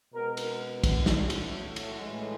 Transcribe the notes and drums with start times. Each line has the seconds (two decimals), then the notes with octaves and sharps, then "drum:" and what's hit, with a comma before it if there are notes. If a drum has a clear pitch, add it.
0.13 B2 G#3 B3 A#4
0.37 drum: cymbal
0.84 drum: kick, cymbal
1.06 A2 F#3 A3, drum: snare
1.30 drum: cymbal
1.76 drum: cymbal
2.00 A2 E3 G#3